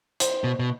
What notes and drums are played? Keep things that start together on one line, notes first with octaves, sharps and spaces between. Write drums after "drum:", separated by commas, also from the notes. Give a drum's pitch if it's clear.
C5, drum: hi-hat
B2
B2